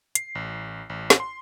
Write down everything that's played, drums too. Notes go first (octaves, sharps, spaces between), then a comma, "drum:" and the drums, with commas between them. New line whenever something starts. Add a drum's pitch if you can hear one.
C7, drum: hi-hat
A1
A1
drum: snare
C6